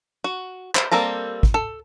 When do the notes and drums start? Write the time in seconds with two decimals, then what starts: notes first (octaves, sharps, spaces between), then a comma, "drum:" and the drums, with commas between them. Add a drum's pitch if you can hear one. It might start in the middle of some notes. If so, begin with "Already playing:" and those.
0.24 F#4
0.75 C5, drum: clap
0.92 G3 A#3 C4 A4 A#5
1.43 drum: kick
1.54 A4